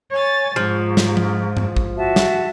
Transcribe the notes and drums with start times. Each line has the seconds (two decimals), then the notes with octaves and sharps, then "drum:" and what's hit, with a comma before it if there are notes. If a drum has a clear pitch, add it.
0.11 C#5 G#5 A6
0.56 G#2 F3
0.97 drum: snare
1.17 drum: tom F3
1.57 drum: tom G2
1.77 drum: kick A1
1.96 F#4 E5 A5
2.16 drum: snare